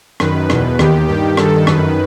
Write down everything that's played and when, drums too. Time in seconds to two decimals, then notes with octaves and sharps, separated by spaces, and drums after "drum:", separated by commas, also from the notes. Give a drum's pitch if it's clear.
0.20 F#2 D#3 B4, drum: rim click
0.50 E2 B2, drum: rim click
0.79 D#2 D#3 G4, drum: rim click
1.08 G2 D#3 G4
1.37 G2 D#3 A4, drum: rim click
1.67 F#2 D#3 B4, drum: rim click